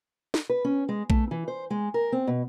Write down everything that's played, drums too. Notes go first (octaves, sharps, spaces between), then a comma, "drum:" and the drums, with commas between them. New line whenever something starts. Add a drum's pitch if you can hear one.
drum: snare
B4
C#4
G#3
A3, drum: kick A#1
E3
C5
G#3
A#4
C4
B2